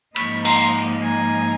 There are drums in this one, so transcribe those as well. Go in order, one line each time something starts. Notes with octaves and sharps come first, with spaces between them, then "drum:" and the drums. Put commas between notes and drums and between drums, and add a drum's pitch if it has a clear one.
G#2 F3 A#3 D#4 B5 C#6, drum: cymbal
A#5 C6, drum: cymbal
G#5 A#5